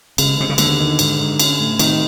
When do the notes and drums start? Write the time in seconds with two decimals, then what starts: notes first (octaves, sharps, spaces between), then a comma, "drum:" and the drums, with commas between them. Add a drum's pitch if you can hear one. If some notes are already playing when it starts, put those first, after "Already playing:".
0.18 C#3 G#3, drum: cymbal
0.38 C3 G#3
0.49 C#3
0.58 D#2 D3, drum: cymbal
0.79 D#3
0.99 G#2, drum: cymbal
1.19 G#2
1.40 C#4, drum: cymbal
1.60 A2
1.79 C3 D#3, drum: cymbal